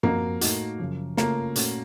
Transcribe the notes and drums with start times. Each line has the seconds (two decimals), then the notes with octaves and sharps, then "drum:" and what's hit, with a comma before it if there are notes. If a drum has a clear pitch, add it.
0.03 F3 A#3 C4 F#4, drum: tom F#2
0.41 A2 A3 D#4 F#4, drum: hi-hat
0.79 F#2 C#3 F3
1.17 C#3 A3 A#3 C#4 F4, drum: snare
1.56 A#2 A3 C#4 F#4, drum: hi-hat